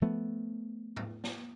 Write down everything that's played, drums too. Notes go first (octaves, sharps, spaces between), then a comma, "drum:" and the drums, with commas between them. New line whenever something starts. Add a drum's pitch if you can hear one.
F3 A3 B3
drum: tom G#2
drum: snare